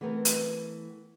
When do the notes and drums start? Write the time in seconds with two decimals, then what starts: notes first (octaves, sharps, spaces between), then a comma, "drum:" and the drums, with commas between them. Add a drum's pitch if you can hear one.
0.01 E3 A3 B3 C4 A#4
0.25 drum: hi-hat